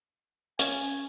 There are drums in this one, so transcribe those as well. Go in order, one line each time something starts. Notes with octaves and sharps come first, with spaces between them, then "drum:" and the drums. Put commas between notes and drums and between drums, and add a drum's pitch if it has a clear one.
C#4 G#5, drum: hi-hat